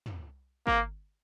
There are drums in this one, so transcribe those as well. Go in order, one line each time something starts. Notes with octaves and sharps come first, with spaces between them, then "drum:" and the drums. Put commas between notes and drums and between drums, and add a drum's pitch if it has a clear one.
drum: tom
A#3, drum: kick G#1